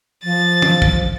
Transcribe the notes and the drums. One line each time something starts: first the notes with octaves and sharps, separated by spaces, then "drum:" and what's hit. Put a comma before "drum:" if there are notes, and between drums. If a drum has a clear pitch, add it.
F3 A6
drum: tom
drum: kick